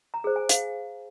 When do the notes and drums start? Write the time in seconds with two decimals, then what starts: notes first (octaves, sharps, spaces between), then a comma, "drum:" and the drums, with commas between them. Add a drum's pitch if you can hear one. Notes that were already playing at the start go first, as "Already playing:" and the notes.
0.14 A#5
0.24 G#4 C5
0.36 G#5
0.49 F5, drum: hi-hat